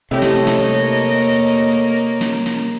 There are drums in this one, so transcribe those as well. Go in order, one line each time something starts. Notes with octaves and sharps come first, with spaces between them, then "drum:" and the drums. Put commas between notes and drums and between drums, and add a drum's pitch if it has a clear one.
C3 A3 E4 G4 C#5 D#5
drum: snare
drum: snare
A#3, drum: hi-hat
drum: hi-hat
drum: hi-hat
drum: hi-hat
drum: hi-hat
drum: hi-hat
drum: snare
drum: snare